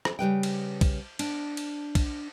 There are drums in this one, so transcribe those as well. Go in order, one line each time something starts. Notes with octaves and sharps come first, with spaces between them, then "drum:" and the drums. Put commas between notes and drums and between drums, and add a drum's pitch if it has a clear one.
drum: rim click
C#3 G3 B4 G5
drum: cymbal
drum: kick, cymbal
D4, drum: cymbal
drum: cymbal
drum: kick, cymbal